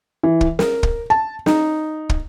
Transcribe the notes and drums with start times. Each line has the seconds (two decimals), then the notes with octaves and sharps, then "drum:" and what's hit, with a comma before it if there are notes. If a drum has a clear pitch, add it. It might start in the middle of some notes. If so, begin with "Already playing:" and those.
0.23 E3
0.41 drum: kick
0.59 A#4, drum: snare
0.83 drum: kick
1.10 A5
1.46 D#4, drum: snare
2.09 drum: kick